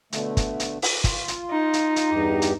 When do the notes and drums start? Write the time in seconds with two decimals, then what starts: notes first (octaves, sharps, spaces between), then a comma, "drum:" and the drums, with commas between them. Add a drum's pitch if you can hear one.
0.12 B2 D3 A3, drum: hi-hat
0.37 drum: kick, hi-hat
0.60 drum: hi-hat
0.82 drum: open hi-hat
1.04 F4, drum: kick, hi-hat
1.28 drum: hi-hat
1.51 D#4
1.73 drum: hi-hat
1.96 drum: hi-hat
2.11 E2 G2 G4
2.42 drum: hi-hat